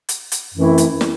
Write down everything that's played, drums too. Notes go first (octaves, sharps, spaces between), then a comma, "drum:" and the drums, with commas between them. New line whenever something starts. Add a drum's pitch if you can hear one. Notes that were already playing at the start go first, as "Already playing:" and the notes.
drum: hi-hat
drum: hi-hat
F#2 E3 A3 C4 E4
drum: hi-hat
drum: snare